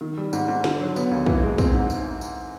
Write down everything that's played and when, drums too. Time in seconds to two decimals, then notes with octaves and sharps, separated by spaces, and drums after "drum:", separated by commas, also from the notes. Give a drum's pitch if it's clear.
0.01 D#3
0.17 G3
0.33 G#2, drum: tambourine
0.48 G#2
0.64 D3, drum: snare
0.80 F#3
0.96 B3, drum: tambourine
1.11 D#2
1.26 E3, drum: kick
1.43 G#3
1.58 C4, drum: kick, tambourine
1.74 G#2
1.90 drum: tambourine
2.21 drum: tambourine